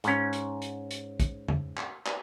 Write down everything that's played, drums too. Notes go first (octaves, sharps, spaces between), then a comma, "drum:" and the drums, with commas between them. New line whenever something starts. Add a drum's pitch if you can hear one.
G#2 C#4, drum: hi-hat
drum: hi-hat
drum: hi-hat
drum: hi-hat
drum: kick, hi-hat
drum: tom
drum: clap
drum: clap